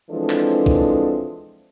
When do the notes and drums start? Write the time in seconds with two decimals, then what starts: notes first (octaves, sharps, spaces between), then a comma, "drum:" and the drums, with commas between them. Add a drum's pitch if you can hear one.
0.11 E3 F3 G#3 C4 D4 A4
0.30 drum: clap
0.66 drum: kick